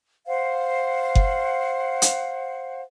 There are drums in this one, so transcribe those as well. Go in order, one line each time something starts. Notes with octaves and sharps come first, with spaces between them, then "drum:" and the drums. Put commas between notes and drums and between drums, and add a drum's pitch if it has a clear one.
C5 F5 F#5
drum: kick F#1
drum: hi-hat